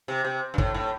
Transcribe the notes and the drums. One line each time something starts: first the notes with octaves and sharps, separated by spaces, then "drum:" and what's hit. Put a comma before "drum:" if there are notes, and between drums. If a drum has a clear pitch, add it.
C3
C3
G2
A2, drum: kick
A2